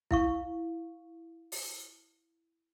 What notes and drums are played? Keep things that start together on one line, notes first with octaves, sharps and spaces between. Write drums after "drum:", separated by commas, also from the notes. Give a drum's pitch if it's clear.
E4 F5 C#6, drum: kick
drum: open hi-hat